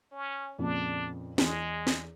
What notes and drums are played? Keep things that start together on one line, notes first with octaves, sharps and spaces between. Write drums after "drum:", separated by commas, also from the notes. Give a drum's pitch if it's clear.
C#4
F2 A#2 C#3 D4
E2 G#3, drum: snare
drum: snare